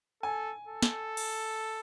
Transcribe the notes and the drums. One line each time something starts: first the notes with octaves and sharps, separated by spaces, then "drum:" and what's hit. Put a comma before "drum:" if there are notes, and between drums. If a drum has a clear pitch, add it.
A4 G#5
A4
drum: snare
drum: cymbal